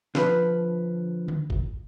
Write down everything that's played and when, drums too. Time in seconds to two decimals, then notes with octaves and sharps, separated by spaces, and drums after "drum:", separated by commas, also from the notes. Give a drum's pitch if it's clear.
0.15 D3 F3 B4, drum: snare
1.28 drum: tom D3
1.50 drum: kick G1